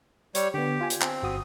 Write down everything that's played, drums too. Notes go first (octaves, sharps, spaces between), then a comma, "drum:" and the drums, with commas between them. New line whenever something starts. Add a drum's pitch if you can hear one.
G3 C#5, drum: hi-hat
D3 B3 G4
F4 G#5
drum: hi-hat
C4, drum: clap
G1 F#4 D#6